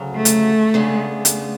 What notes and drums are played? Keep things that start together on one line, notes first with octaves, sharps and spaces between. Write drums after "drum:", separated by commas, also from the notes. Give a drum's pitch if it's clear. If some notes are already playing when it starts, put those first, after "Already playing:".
Already playing: D2 C#3 F#3
A3
drum: hi-hat
C#3 G#3 B3 D4
drum: hi-hat